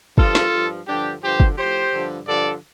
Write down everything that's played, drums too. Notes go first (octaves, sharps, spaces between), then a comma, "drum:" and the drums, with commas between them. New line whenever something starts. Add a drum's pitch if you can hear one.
G2 F3 F4 A4, drum: kick
drum: snare
G2 F3
G2 D3 F3 D4 G4
G2 D3 F3 G4 C5
drum: kick
A2 F3 G4 C5
G2 D3 F3
G2 D3 F3 A4 D5